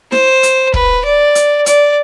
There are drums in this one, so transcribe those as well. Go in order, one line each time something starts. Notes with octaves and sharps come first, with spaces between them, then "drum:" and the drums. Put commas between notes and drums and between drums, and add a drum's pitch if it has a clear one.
C5, drum: snare E4
drum: hi-hat
B4, drum: kick
D5
drum: hi-hat
D5, drum: hi-hat